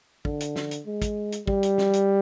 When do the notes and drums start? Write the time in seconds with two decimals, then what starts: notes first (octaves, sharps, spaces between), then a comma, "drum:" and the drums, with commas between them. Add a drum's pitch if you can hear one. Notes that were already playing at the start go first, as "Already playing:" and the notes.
0.25 D3, drum: kick
0.40 drum: hi-hat
0.56 drum: snare
0.71 drum: hi-hat
0.86 G#3
1.02 drum: kick, hi-hat
1.32 drum: hi-hat
1.47 G3, drum: kick
1.63 drum: hi-hat
1.78 drum: snare
1.93 drum: hi-hat